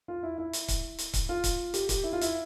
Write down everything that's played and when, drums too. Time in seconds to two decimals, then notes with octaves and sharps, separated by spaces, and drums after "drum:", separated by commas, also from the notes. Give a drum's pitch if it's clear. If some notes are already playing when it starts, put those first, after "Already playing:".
0.08 F4
0.23 E4
0.38 E4
0.53 drum: hi-hat
0.68 drum: kick C#1, hi-hat
0.98 drum: hi-hat
1.13 drum: kick C#1, hi-hat
1.29 F4
1.44 drum: kick C#1, hi-hat
1.74 G4, drum: hi-hat
1.89 G4, drum: kick C#1, hi-hat
2.04 E4
2.13 F4
2.21 E4, drum: hi-hat